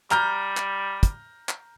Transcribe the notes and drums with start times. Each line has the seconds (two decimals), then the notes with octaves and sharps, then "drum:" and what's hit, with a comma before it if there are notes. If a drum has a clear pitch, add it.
0.11 G3 A#5 F6 G6, drum: clap
0.57 drum: clap
1.03 drum: kick, hi-hat
1.49 drum: clap